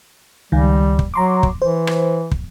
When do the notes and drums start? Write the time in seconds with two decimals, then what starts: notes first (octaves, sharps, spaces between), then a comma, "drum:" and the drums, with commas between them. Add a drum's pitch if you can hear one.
0.52 C#2 D#3 G3
0.99 drum: kick
1.14 F#3 A#5 C6 D6
1.43 drum: kick
1.62 E3 C5
1.87 drum: rim click
2.31 drum: kick